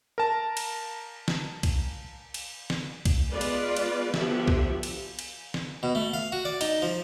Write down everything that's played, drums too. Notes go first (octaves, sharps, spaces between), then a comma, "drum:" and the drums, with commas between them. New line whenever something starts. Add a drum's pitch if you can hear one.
A#4 A5
drum: cymbal
drum: snare
drum: kick B1, cymbal
drum: cymbal
drum: snare
drum: kick B1, cymbal
G#3 B3 F4 B4 D5
drum: cymbal
drum: cymbal
D3 F3 B3 F#4 G4 E5, drum: snare
drum: kick B1
drum: cymbal
drum: cymbal
drum: snare
B2
A3
F5
F#4
D5
D#4, drum: cymbal
F3